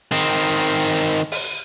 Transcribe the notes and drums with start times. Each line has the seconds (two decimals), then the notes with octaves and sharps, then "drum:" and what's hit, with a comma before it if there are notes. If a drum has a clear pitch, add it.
0.12 D#3 C4
1.32 drum: open hi-hat